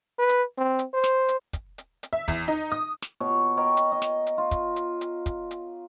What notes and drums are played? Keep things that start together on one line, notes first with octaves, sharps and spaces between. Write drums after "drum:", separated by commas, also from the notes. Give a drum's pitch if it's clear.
B4
drum: hi-hat
C4
drum: hi-hat
C5
drum: snare
drum: hi-hat
drum: kick, hi-hat
drum: hi-hat
drum: hi-hat
E5
E2, drum: kick, hi-hat
D#4
D#6
drum: snare
B2 C#5
A#4 C#5 D#5 G5
drum: hi-hat
D#5
drum: snare
drum: hi-hat
F4
drum: kick, hi-hat
drum: hi-hat
drum: hi-hat
drum: kick, hi-hat
drum: hi-hat